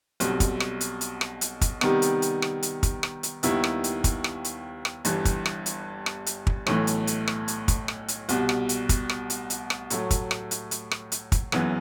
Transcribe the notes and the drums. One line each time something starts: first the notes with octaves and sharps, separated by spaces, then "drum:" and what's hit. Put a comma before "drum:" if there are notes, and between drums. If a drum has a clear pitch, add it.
B1 B2 G3 C4, drum: hi-hat
drum: kick, hi-hat
drum: rim click
drum: hi-hat
drum: hi-hat
drum: rim click
drum: hi-hat
drum: kick, hi-hat
C3 D#3 G3 B3, drum: rim click
drum: hi-hat
drum: hi-hat
drum: rim click
drum: hi-hat
drum: kick, hi-hat
drum: rim click
drum: hi-hat
D#2 D#3 G3 B3 E4, drum: hi-hat
drum: rim click
drum: hi-hat
drum: kick, hi-hat
drum: rim click
drum: hi-hat
drum: rim click
G1 G2 E3 G3, drum: hi-hat
drum: kick, hi-hat
drum: rim click
drum: hi-hat
drum: rim click
drum: hi-hat
drum: kick
B1 A2 E3 A3, drum: rim click
drum: hi-hat
drum: hi-hat
drum: rim click
drum: hi-hat
drum: kick, hi-hat
drum: rim click
drum: hi-hat
C2 B2 G3, drum: hi-hat
drum: rim click
drum: hi-hat
drum: kick, hi-hat
drum: rim click
drum: hi-hat
drum: hi-hat
drum: rim click
A2 F#3 A3, drum: hi-hat
drum: kick, hi-hat
drum: rim click
drum: hi-hat
drum: hi-hat
drum: rim click
drum: hi-hat
drum: kick, hi-hat
F#1 F#2 E3 B3, drum: rim click